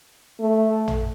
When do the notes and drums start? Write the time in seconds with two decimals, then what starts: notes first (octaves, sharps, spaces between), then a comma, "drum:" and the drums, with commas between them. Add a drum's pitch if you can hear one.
0.40 A3
0.88 drum: tom